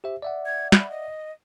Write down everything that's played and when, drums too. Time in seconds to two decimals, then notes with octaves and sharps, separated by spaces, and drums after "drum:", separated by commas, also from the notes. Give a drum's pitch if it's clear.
0.04 G4 C5 E5
0.22 D5 E5 F#5
0.46 G#6
0.72 B5, drum: snare
0.91 D#5